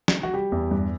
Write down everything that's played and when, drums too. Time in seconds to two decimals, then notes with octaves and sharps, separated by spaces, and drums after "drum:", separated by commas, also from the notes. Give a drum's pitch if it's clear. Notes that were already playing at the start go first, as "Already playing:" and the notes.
0.08 drum: snare
0.23 F#4
0.34 G3 G4
0.52 E2
0.71 G2